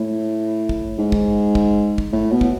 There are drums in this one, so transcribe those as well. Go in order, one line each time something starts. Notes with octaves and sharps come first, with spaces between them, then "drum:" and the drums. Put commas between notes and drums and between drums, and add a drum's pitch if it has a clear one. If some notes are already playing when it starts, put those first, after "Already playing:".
Already playing: A2
drum: kick
G#2
drum: kick
drum: kick
drum: kick
A2
B2
drum: kick